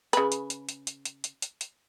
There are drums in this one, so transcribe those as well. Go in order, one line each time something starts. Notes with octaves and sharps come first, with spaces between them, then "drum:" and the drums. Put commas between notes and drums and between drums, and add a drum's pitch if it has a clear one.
C#3 B4, drum: hi-hat
drum: hi-hat
drum: hi-hat
drum: hi-hat
drum: hi-hat
drum: hi-hat
drum: hi-hat
drum: hi-hat
drum: hi-hat